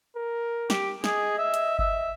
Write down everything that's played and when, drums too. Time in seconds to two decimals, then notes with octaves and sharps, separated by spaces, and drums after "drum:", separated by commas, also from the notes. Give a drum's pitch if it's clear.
0.16 A#4
0.70 G4, drum: snare
1.04 G#4 D#5, drum: snare
1.38 E5
1.54 drum: hi-hat
1.79 E5, drum: kick G1